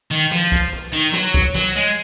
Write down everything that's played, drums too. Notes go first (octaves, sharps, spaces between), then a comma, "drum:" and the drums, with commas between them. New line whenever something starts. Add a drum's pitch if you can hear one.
D#3
F3, drum: rim click
drum: kick
drum: rim click
D#3
F#3, drum: rim click
drum: kick
F#3, drum: rim click
G#3